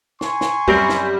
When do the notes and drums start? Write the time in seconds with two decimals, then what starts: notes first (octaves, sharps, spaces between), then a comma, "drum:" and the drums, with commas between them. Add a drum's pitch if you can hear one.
0.21 G#5 C6 C#6, drum: snare
0.41 drum: snare
0.68 F#2 G3 C4 A#4, drum: kick D2
0.89 drum: snare